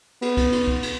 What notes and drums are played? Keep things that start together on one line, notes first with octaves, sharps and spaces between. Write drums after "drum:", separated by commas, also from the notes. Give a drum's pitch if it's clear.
B3, drum: cymbal
drum: kick C2, cymbal
drum: cymbal
drum: kick C2
drum: cymbal